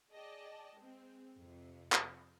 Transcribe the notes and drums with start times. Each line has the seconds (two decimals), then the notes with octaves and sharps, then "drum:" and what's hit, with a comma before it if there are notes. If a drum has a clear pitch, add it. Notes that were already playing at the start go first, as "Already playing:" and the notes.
0.12 G#4 D5 D#5 G5 A5
0.77 G#3 C4
1.41 F2 C3
1.92 drum: clap